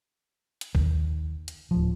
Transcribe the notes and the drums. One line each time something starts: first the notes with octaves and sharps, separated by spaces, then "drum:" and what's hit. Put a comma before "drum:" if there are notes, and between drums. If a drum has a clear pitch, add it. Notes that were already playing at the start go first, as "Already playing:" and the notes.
drum: hi-hat
D#2, drum: kick
drum: hi-hat
D1 F3